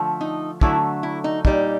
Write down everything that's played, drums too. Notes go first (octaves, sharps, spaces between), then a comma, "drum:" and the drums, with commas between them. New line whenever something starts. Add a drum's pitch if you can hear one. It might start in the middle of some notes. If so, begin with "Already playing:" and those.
Already playing: D3 F3 A3
D#4
D3 F#3 A3 E4, drum: kick
E4
D#4
A#2 G3 D#4, drum: kick